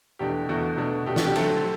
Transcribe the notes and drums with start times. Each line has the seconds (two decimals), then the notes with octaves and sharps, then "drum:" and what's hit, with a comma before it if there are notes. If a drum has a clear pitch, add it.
0.19 E2 B2 A3 D4 G4
0.49 E2 B2 A3 D4 F#4
0.78 B2 A3 D4
1.06 B2 A3 D4 G4
1.16 F#4, drum: snare
1.26 G4
1.36 D3 F#3 A3 C4 A4, drum: cymbal